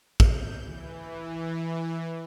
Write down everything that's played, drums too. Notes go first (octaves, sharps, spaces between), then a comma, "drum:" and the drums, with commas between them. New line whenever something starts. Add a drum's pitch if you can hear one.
G6, drum: kick
E3